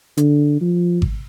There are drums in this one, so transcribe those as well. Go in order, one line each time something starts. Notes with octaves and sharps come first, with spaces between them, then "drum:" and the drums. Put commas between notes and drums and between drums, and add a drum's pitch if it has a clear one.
D3, drum: hi-hat
F3
drum: kick G#1